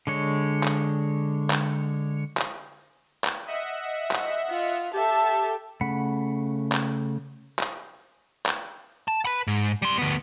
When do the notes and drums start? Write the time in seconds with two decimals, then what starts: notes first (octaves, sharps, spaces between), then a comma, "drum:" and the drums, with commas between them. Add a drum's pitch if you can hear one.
0.07 D3 G#3 C#5
0.63 drum: clap
1.50 drum: clap
2.37 drum: clap
3.24 drum: clap
3.47 D#5 E5 F#5
4.11 drum: clap
4.50 F4
4.93 G4 A4 E5 A5
5.81 C#3 A3 F#5 B5
6.72 drum: clap
7.59 drum: clap
8.46 drum: clap
9.08 A5
9.25 B4 B5
9.47 G#2
9.82 G3 C6
9.98 D2 B3